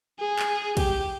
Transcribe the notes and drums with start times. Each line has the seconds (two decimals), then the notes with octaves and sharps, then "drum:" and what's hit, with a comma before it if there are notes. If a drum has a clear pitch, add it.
0.20 G#4
0.39 drum: clap
0.77 G4, drum: kick, cymbal